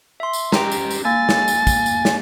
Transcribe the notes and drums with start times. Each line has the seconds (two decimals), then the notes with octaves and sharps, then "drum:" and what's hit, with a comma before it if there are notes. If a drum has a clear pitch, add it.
0.20 E5 C6
0.33 drum: tambourine
0.52 C#4 G4 G5 A#5, drum: snare
0.72 drum: tambourine
0.91 drum: tambourine
1.05 A#3 G#5 A6
1.29 drum: snare
1.48 drum: tambourine
1.67 drum: kick, tambourine
1.86 drum: tambourine
2.05 drum: snare